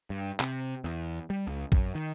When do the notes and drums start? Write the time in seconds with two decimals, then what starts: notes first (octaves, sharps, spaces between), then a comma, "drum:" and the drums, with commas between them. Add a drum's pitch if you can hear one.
0.10 G2
0.40 C3, drum: clap
0.84 E2
1.30 G3
1.47 C#2
1.72 F#2, drum: kick
1.95 D#3